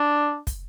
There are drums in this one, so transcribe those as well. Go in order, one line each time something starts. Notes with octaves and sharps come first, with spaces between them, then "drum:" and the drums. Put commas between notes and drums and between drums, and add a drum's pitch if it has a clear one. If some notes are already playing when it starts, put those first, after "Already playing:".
Already playing: D4
drum: kick, hi-hat